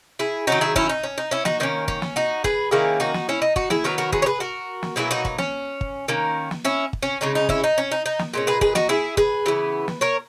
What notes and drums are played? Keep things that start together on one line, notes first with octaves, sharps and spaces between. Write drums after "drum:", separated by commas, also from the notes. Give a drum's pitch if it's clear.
E4 G#4
D#3 F#3 C#4 D#4 F#4
E4 G#4
C#4 E4, drum: kick
D#4
C#4
D#4
C#4 E4
D#4 F#4, drum: snare
D#3 A#3 C#4 D#4
C#4, drum: kick
drum: snare
D#4 F#4
G#4 B4, drum: kick
D#3 A#3 C#4 E4 G#4
D#4 F#4
drum: snare
C#4 E4
D#4
D#4 F#4, drum: kick
E4 G#4, drum: snare
D#3 F#3 B3 F#4 A#4
F#4 A#4
G#4 B4, drum: kick
C#5
G#4 B4
F#4 A#4
drum: snare
B2 F#3 A#3 E4 G#4
D#4 F#4
D#4, drum: kick
C#4, drum: snare
drum: kick
D#3 A#3 C#4
drum: snare
C#4 E4
drum: kick
C#4
C#3 G#3 C#4 D#4
D#4
C#4 E4, drum: kick
D#4
C#4
D#4
D#4
drum: snare
A#2 G#3 C#4
G#4 B4
G#4 B4, drum: kick
D#4 F#4, drum: snare
E4 G#4
G#4 B4, drum: kick
C#3 E3 B3
drum: snare
A#4 C#5